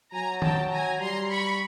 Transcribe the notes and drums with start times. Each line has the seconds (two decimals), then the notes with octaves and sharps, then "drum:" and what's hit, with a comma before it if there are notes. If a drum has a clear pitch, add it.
0.13 F#3 G#5 A#5
0.42 G5 A5, drum: tom D#3
0.72 G#5 A#5
1.01 G3 A#5 C6
1.30 B5 C#6